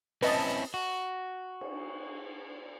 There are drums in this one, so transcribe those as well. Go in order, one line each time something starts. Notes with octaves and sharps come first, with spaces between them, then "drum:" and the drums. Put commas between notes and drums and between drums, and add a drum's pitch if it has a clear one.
C4 C#4 E4 B4 D#5 A5, drum: open hi-hat
F#4
drum: cymbal